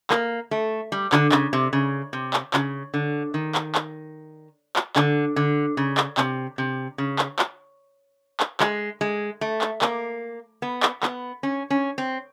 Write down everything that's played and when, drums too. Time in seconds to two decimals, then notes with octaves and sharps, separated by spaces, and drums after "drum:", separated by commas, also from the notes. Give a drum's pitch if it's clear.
0.10 A#3, drum: clap
0.51 A3
0.92 G3
1.12 D3, drum: clap
1.32 C#3, drum: clap
1.53 C3
1.73 C#3
2.13 C3
2.33 drum: clap
2.54 C#3, drum: clap
2.94 D3
3.34 D#3
3.55 drum: clap
3.75 drum: clap
4.76 drum: clap
4.96 D3, drum: clap
5.36 D3
5.77 C#3
5.97 drum: clap
6.17 C3, drum: clap
6.58 C3
6.98 C#3
7.19 drum: clap
7.39 drum: clap
8.40 drum: clap
8.60 G#3, drum: clap
9.01 G#3
9.41 A3
9.61 drum: clap
9.82 A#3, drum: clap
10.62 B3
10.83 drum: clap
11.03 B3, drum: clap
11.43 C#4
11.70 C#4
11.98 C4